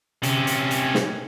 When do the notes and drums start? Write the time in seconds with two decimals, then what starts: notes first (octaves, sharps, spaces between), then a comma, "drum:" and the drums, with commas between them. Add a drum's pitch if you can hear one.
0.23 C3 C#4, drum: hi-hat
0.47 drum: hi-hat
0.71 drum: hi-hat
0.94 drum: snare